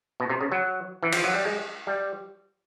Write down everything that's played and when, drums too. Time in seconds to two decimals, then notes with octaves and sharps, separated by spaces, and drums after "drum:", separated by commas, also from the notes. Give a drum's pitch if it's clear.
0.20 B2
0.30 C3
0.41 C#3
0.52 F#3
1.03 E3
1.13 F3, drum: cymbal
1.24 F#3
1.34 G3
1.45 G#3
1.87 G3